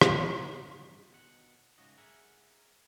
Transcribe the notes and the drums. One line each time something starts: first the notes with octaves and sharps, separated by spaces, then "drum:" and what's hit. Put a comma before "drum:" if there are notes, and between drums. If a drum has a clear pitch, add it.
B1 F2 B4, drum: rim click
G3 F4 B5
G2 C#3
B2 D#3 F#5
G#2 C#3 F#4 D#5
G#4 A#4 E5 F#5